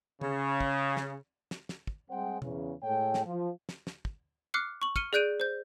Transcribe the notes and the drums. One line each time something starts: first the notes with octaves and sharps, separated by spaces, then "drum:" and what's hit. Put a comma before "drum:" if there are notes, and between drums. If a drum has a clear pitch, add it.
C#3, drum: tom
drum: kick
drum: snare
drum: snare
drum: snare
drum: kick
G3 G#3 C4 C5 F#5 G5
E2 C#3, drum: tom B2
A2 G#3 A4 C#5 G5
drum: snare
F3
drum: snare
drum: snare
drum: kick
D6 F6 F#6 C7 C#7
C#6 F#7
F6 C#7 D#7 G7, drum: kick
G#4 D5 F#6 G6 D7 D#7
C5 G6